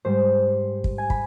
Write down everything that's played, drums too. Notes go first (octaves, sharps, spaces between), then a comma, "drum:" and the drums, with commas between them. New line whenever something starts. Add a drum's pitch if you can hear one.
G#2 G3 C5
drum: kick
G#5
B5, drum: kick